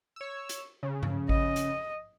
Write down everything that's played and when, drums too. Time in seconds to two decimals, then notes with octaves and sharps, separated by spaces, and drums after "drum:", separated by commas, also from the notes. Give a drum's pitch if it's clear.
0.16 C#5 E6
0.49 drum: hi-hat
0.83 C#3
1.03 drum: tom G2
1.29 D#5, drum: kick G#1
1.56 drum: hi-hat